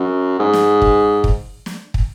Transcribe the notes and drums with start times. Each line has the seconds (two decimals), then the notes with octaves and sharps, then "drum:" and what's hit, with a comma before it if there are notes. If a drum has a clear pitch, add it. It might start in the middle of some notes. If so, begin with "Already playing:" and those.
Already playing: F#2
0.39 G#2
0.53 drum: snare
0.82 drum: kick
1.24 drum: kick
1.66 drum: snare
1.94 drum: kick